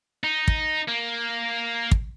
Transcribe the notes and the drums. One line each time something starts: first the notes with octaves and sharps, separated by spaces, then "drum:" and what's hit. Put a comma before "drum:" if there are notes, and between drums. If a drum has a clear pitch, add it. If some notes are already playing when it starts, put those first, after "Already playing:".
D#4
drum: kick
A#3
drum: kick